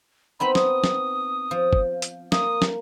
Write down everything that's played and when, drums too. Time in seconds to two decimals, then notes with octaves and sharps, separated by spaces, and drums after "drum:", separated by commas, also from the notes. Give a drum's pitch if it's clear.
0.40 B3 C4 D#4 B5
0.55 D#6, drum: snare
0.84 drum: snare
1.51 F3
1.73 drum: kick
2.02 drum: hi-hat
2.32 A#3 D#6, drum: snare
2.62 drum: snare